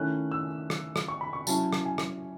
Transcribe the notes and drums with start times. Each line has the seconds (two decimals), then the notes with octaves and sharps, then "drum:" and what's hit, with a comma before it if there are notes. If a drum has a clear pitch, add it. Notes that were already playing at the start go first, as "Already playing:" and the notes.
Already playing: D#3 A3 C#4 E4 F#6
0.32 E6
0.70 drum: rim click
0.96 drum: rim click
1.08 C#6
1.21 B5
1.33 C#6
1.47 F#3 C#4 E4 A5, drum: tambourine
1.73 drum: rim click
1.85 G#5
1.98 drum: rim click